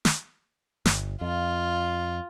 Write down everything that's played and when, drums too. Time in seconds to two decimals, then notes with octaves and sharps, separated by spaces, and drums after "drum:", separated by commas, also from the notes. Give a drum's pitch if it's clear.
0.05 drum: snare
0.85 G1, drum: snare
1.21 F2 F4